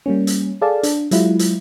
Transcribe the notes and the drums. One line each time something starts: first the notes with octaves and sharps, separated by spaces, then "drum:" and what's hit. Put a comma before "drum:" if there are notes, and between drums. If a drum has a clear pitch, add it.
G3 A#3 C#4
drum: hi-hat
G#4 A4 D5 F5 A5
D4, drum: hi-hat
F#3 G#3 E4 F4, drum: hi-hat
drum: hi-hat